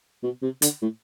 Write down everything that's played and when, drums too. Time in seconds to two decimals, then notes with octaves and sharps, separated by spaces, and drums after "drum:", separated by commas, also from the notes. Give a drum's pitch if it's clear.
0.23 B2
0.42 C3
0.62 D3, drum: hi-hat
0.82 A2